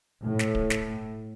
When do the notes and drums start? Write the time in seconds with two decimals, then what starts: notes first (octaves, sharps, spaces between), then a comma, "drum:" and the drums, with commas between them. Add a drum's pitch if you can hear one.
0.24 A2
0.39 drum: snare
0.55 drum: kick D1
0.70 drum: snare